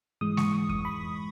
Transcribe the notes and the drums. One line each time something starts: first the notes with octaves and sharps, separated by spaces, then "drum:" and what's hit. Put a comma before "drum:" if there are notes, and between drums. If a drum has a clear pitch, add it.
G#2 E3 G#3 D#6
C#6, drum: snare G#3
C#6
D#6, drum: kick F2
B5